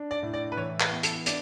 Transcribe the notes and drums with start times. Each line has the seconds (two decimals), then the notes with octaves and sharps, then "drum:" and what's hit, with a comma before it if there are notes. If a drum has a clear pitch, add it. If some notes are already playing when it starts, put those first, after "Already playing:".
Already playing: D4
0.11 D5
0.22 A2
0.34 D5
0.52 B4
0.57 E3 C#5
0.80 B4, drum: clap
0.91 B3
1.03 A4, drum: hi-hat
1.26 D4 D5, drum: hi-hat